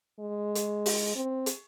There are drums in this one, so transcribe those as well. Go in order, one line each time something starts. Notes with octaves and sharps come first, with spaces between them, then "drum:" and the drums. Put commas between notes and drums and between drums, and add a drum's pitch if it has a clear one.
G#3
drum: hi-hat
drum: open hi-hat
C4
drum: hi-hat